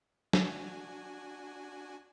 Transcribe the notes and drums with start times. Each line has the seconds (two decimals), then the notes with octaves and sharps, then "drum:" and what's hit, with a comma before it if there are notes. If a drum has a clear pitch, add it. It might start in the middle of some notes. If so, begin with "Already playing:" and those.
0.33 D4 F#4 G#5, drum: snare